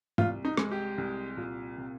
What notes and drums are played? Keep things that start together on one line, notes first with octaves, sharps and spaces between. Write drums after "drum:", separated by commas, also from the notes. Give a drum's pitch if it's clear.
C2 F4, drum: tom
D#4
G#3, drum: rim click
G4
C2
A#2
C3